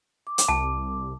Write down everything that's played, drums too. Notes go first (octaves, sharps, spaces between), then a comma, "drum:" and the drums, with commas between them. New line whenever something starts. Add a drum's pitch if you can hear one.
D6
drum: hi-hat
C2 A5